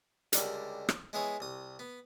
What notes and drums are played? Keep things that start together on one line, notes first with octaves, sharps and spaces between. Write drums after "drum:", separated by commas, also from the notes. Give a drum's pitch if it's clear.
C#2 D3 G3 A#4, drum: hi-hat
drum: rim click
G#3 B3 E4 G#4 C#5
C2 D#6
B3